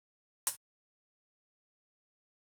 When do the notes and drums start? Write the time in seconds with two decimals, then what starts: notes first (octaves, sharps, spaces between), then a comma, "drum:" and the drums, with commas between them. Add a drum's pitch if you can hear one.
0.47 drum: hi-hat
1.53 D#4
2.14 C5